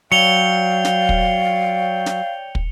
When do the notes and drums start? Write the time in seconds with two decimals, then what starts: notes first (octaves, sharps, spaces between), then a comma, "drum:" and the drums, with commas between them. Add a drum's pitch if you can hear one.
0.12 F#3 C#5 D5 F5 G5 C#7 F7 G7
0.85 drum: snare
1.09 drum: kick
2.06 drum: snare
2.55 drum: kick